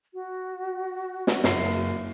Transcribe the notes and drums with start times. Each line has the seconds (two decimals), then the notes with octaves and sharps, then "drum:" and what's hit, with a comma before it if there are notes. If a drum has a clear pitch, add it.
0.14 F#4
1.27 drum: snare
1.44 F#1 C7, drum: snare